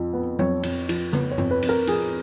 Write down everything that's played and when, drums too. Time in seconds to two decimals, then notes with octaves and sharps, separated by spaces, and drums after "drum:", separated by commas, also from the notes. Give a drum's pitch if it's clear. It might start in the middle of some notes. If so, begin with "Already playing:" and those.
Already playing: F2 F3
0.13 B3
0.39 F2 C#5, drum: tom F#3
0.63 F2, drum: cymbal
0.89 F3, drum: cymbal
1.13 B3, drum: tom C#3
1.31 C#5
1.38 F2, drum: tom G2
1.51 B4
1.62 F2, drum: cymbal
1.69 A#4
1.87 F3 G#4, drum: cymbal